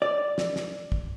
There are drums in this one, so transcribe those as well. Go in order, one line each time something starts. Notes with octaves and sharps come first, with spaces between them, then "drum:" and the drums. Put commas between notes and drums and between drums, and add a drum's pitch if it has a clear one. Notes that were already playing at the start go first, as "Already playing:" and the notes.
D5
drum: snare
drum: snare
drum: kick